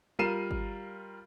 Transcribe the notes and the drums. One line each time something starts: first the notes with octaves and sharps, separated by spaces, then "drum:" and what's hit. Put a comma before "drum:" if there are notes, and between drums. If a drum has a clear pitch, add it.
G3 F4 A#4 C7 D#7 E7
drum: kick G#1